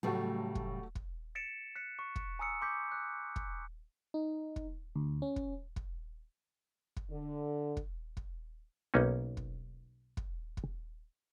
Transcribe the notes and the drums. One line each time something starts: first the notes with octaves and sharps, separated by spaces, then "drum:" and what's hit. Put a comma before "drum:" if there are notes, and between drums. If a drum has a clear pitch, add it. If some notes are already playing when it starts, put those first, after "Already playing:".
A2 C#3 F#3 G3 A3 F#4
drum: kick
drum: kick
A6 B6 C#7 D7 E7
F#6 B6 C#7
C#6
drum: kick
G#5 A#5 D#6 E6 C#7
C6 D6 G6 B6
E6 F#6
drum: kick
D#4
drum: kick
D2
C#4
drum: kick
drum: kick
drum: kick
D3
drum: kick
drum: kick
B1 A#3 B3 C#4 D#4
drum: kick
drum: kick
drum: kick